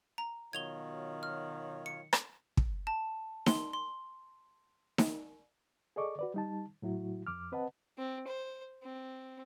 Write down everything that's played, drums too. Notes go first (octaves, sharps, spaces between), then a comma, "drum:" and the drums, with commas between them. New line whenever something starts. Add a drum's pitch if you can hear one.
A#5
B2 D#3 F#3 F4 C#5 G#6 F7 G7
F6
C#7
drum: rim click
drum: kick
A5
C6, drum: snare D#4
C6
drum: snare D#4
G#4 A4 D5 D#5 C#6 D6
F#4 B4 D5
G3 D#4 A5
A2 F#3 E4 F#4
F2 D6 F6
C4 B4 D#5 F#5 A5
C4
C5
C4